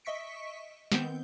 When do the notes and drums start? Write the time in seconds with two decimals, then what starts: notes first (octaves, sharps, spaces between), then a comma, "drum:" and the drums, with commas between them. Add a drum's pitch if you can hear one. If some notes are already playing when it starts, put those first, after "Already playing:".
0.05 D#5 E5 C#6 B6 C#7 D7
0.92 D#3 B3 C4 G6, drum: snare